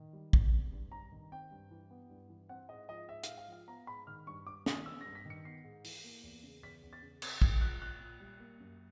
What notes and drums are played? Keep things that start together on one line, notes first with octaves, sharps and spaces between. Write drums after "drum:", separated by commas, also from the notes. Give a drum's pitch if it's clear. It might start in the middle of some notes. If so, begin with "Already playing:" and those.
Already playing: D#3
G3
E2, drum: kick
C3
G2
G2 A#5
D#3
C4 G5
G2
E3
B3
G2
E3
C4 F#5
G#2 D#5
F3 D#5
G#2 E5
F5, drum: hi-hat
G#2
F5
F3 F5
B3 A#5
G#2 B5
D#3 F6
G2 C#6
G2 D6
D#3 D#6, drum: snare
B3 E6
G2 A#6
B6
D#3
C#7
B3 C7
G#2
E3, drum: open hi-hat
A#3
E2
C#3
E2 B6
E2
A6
C#3
C4 G#6, drum: cymbal
G#2 G#6, drum: kick
F3 F#6
A#2 F#6
A#2
G3
A#3
F#2